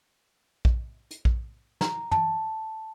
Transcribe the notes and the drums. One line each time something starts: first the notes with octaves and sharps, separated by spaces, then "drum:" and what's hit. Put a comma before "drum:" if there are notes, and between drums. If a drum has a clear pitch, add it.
drum: kick A#1
drum: hi-hat
drum: kick A#1
A#5, drum: snare
A5, drum: tom